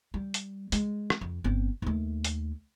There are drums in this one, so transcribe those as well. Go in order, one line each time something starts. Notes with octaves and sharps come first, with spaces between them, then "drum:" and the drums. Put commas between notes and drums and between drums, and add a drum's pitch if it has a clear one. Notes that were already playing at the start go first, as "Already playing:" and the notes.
G3
drum: hi-hat
G#3, drum: hi-hat
drum: rim click
F2
G1 C4
D#2 A3
drum: hi-hat